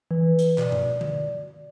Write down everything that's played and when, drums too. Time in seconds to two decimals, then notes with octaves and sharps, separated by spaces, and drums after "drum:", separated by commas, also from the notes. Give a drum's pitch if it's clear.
0.11 E3 B4
0.39 drum: hi-hat
0.58 B2 D5, drum: clap
0.72 drum: tom G2
1.01 drum: tom D3